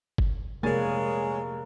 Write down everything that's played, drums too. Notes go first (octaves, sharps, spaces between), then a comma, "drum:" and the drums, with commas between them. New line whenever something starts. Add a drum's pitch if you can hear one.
drum: kick G1
F1 G#3 A#3 G#4 C#5 G#5 A6